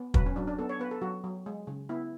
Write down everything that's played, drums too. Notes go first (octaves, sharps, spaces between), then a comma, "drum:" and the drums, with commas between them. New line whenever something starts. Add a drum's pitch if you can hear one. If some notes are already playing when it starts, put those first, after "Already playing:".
Already playing: B3
F#3 B4, drum: kick
C#4
F#3 D4
D4
B3 A4
C#5
B3 B4
A4
F#3 F#4
F#3
G#3
C#3
B3 E4